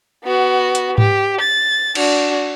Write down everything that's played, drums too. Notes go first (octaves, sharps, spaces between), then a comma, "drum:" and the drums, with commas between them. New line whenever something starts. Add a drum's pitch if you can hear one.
B3 F#4
drum: hi-hat
G4, drum: tom G#2
A6
D4 F#4, drum: cymbal